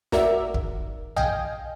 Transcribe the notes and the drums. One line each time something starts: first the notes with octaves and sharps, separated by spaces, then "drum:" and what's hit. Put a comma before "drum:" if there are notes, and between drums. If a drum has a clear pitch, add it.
F#4 A#4 D5 E5, drum: snare
G#1, drum: kick
D#5 F5 G5 G#5, drum: tom A#1